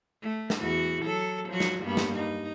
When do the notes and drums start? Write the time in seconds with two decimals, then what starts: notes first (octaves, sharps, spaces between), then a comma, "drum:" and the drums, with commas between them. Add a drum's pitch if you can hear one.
0.22 A3
0.50 drum: snare
0.59 E2 F#4
1.05 F#3 A4
1.49 F3 F#3 F#4
1.60 drum: snare
1.84 G2 A#3 B3
1.97 drum: snare
2.16 D#4